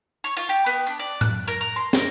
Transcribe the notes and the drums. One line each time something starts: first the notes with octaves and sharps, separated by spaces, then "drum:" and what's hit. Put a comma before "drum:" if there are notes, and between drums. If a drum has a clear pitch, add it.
C#5
F4
G4
B3
D4
D5
F#6, drum: tom A2
A#4
A#5
C6
A#4, drum: snare